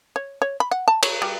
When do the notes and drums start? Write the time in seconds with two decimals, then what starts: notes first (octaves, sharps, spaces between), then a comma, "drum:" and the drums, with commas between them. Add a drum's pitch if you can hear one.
0.16 C#5
0.42 C#5
0.60 B5
0.71 F#5
0.88 A5
1.03 C#5, drum: cymbal
1.22 G3